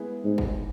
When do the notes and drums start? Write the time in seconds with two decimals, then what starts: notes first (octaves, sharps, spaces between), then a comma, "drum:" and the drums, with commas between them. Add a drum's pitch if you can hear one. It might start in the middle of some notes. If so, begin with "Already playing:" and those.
Already playing: G#3 B3 E4 G#4 B4
0.24 G#2
0.38 drum: kick